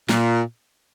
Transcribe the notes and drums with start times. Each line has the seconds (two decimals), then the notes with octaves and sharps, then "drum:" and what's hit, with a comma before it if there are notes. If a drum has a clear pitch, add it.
0.09 A#2, drum: snare